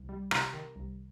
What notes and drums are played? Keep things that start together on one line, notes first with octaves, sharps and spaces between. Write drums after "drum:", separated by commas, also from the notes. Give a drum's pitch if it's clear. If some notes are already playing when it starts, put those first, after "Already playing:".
Already playing: C2
G3
C3 A#5, drum: rim click
D#3
C2